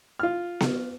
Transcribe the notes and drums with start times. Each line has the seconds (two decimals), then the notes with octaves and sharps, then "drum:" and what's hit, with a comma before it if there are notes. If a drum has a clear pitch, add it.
0.19 F4 F6
0.60 drum: snare B3